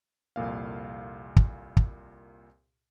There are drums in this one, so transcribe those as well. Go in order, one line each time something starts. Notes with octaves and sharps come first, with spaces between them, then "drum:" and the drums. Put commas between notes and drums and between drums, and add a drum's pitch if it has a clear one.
C2 F2 A#2 F5
drum: kick
drum: kick